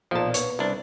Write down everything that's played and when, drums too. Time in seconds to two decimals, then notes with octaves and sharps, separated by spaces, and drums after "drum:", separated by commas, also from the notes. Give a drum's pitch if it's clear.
0.11 B1 A#2 F3 A5
0.34 B3 C#5, drum: hi-hat
0.59 C2 D4